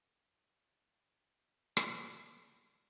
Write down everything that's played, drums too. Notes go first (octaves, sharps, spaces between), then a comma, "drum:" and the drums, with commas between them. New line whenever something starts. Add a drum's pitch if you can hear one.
F1 D#3
drum: rim click